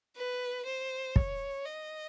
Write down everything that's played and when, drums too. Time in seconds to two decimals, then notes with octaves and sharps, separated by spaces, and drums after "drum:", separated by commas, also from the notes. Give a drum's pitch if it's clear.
0.16 B4
0.65 C5
1.16 C#5, drum: kick
1.66 D#5